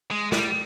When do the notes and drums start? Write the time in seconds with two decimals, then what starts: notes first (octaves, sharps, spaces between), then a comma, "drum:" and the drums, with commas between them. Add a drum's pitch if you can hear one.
0.11 G#3
0.32 G3, drum: snare